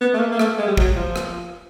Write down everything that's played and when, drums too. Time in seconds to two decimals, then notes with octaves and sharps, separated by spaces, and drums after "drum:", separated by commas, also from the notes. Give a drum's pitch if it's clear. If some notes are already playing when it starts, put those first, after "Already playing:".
0.01 B3
0.14 A3
0.19 A#3
0.32 A#3
0.39 A3, drum: rim click
0.58 G#3
0.67 G3
0.77 F#3, drum: kick
0.96 F3
1.16 drum: rim click